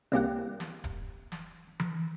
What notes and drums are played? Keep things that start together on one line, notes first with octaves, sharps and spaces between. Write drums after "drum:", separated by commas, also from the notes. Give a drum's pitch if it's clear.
C2 A#3 G4 F#5
drum: snare
drum: kick D#1, hi-hat
drum: snare
drum: tom E3